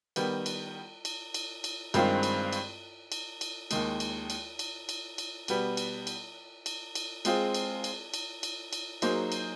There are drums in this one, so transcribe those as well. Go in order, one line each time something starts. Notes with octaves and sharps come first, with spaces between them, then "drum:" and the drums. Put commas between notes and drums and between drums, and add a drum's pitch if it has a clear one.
D#3 G3 B3, drum: cymbal
drum: cymbal
drum: cymbal
drum: cymbal
drum: cymbal
G2 D#3 G#3 C4 F4, drum: cymbal
drum: cymbal
drum: cymbal
drum: cymbal
drum: cymbal
D#2 D#3 G#3, drum: cymbal
drum: cymbal
drum: cymbal
drum: cymbal
drum: cymbal
drum: cymbal
B2 G3 B3, drum: cymbal
drum: cymbal
drum: cymbal
drum: cymbal
drum: cymbal
G#3 C4 F4 G#4, drum: cymbal
drum: cymbal
drum: cymbal
drum: cymbal
drum: cymbal
drum: cymbal
F#3 A#3 D#4 G#4 C5, drum: cymbal
drum: cymbal